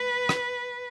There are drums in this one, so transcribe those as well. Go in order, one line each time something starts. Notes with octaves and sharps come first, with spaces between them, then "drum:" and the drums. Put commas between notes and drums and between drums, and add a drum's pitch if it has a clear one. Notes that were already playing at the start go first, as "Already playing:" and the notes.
Already playing: B4
drum: rim click